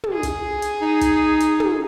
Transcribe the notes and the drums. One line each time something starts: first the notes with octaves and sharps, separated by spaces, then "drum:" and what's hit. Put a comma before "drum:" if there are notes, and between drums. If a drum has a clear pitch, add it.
drum: tom
G#4
drum: kick, hi-hat
drum: hi-hat
D#4
drum: kick, hi-hat
drum: hi-hat
drum: tom